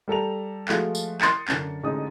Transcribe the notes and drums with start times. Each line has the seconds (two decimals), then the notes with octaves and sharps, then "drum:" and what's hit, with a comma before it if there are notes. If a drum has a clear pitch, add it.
0.08 G3 A4 A#5 F7
0.68 F3 G#3 A3 F4 F#4, drum: clap
0.95 drum: tambourine
1.21 C6 D#6 A6 C#7, drum: clap
1.48 F#2 D3, drum: clap
1.83 A1 D3 G#3 D#4 D#6